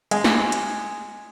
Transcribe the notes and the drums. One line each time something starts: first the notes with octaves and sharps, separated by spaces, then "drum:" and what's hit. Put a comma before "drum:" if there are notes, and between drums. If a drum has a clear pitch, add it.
G#3, drum: hi-hat
drum: snare
drum: hi-hat